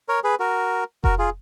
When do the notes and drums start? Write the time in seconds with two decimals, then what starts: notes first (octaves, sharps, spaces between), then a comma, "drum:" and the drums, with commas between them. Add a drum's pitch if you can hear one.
0.09 A#4 C#5
0.24 G#4 B4
0.39 F#4 A#4
1.04 F#4 A#4, drum: kick F1
1.18 F4 G#4